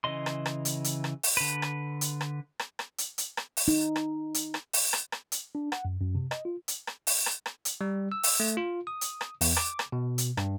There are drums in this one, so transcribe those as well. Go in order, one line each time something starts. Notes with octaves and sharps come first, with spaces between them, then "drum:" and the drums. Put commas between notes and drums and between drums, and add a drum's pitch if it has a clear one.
C#3 E3 D#5 C6
drum: rim click
drum: rim click
drum: hi-hat
drum: hi-hat
drum: rim click
drum: open hi-hat
D3 B4
drum: rim click
drum: hi-hat
drum: rim click
drum: rim click
drum: rim click
drum: hi-hat
drum: hi-hat
drum: rim click
drum: open hi-hat
D#4
drum: rim click
drum: hi-hat
drum: rim click
drum: open hi-hat
drum: rim click
drum: rim click
drum: hi-hat
D4
F#5, drum: rim click
F#2
F#2
C3
D#5, drum: rim click
F4
drum: hi-hat
drum: rim click
drum: open hi-hat
drum: rim click
drum: rim click
drum: hi-hat
G3
E6
drum: open hi-hat
A3
F4
D#6
drum: hi-hat
drum: rim click
E2, drum: open hi-hat
D6, drum: rim click
drum: rim click
B2
drum: hi-hat
G2, drum: rim click